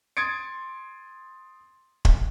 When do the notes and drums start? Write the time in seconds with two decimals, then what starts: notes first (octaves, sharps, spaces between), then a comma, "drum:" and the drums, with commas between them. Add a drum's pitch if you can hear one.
0.17 C6 D#6 G#6 A6 C#7 D7
2.05 drum: kick